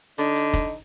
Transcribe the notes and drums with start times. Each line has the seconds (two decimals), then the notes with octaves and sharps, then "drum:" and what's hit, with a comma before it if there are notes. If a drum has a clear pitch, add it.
0.18 D3 D#4, drum: hi-hat
0.36 drum: hi-hat
0.53 drum: kick, hi-hat